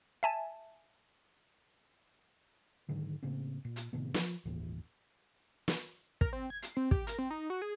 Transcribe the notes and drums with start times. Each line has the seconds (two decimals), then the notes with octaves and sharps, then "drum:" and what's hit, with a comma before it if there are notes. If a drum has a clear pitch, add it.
0.23 E5 G#5 A5
2.89 G#2 D3 D#3 F#3
3.23 A2 C#3 A#3 C4
3.65 A#2
3.76 drum: hi-hat
3.93 A2 C3 D#3 B3
4.14 F3, drum: snare
4.45 G1 D#2 A2 E3
5.68 drum: snare
6.21 A#4, drum: kick
6.33 C4
6.50 G#6
6.63 C7, drum: hi-hat
6.77 C4
6.91 G4, drum: kick
7.07 A#4, drum: hi-hat
7.18 C4
7.31 D#4
7.50 F#4
7.62 G#4